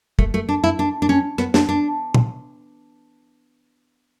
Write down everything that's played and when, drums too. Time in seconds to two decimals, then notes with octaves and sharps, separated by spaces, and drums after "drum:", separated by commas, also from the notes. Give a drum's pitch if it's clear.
0.19 A3, drum: kick
0.34 A3
0.49 D4
0.64 E4
0.79 D4
1.02 D4
1.09 C#4
1.38 B3, drum: rim click
1.54 D4, drum: snare
1.69 D4
2.14 drum: tom